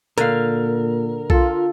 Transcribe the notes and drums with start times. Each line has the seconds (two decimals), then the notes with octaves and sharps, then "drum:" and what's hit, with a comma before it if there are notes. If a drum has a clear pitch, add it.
0.18 A#2 D3 A#4 F5, drum: hi-hat
1.30 F4 A4, drum: kick B1